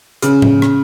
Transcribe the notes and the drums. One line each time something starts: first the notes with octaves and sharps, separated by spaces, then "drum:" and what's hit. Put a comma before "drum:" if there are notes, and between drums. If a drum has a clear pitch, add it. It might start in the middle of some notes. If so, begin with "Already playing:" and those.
C#3, drum: hi-hat
drum: tom A2
drum: rim click